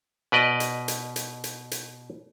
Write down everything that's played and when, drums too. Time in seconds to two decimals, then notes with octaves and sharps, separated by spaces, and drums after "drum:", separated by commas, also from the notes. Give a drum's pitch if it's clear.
0.32 B2 B4 D5 D#5
0.60 drum: hi-hat
0.88 drum: hi-hat
1.16 drum: hi-hat
1.44 drum: hi-hat
1.71 drum: hi-hat